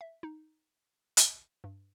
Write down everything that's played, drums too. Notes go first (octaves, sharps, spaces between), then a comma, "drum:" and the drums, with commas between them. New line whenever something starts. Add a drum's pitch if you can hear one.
E5
D#4
drum: hi-hat
G2